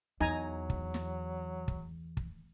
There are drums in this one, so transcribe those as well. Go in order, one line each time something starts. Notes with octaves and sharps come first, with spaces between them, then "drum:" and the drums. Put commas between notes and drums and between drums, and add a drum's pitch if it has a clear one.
E2 F#3 D#4 G#5 A#5
drum: kick
drum: snare
drum: kick
drum: kick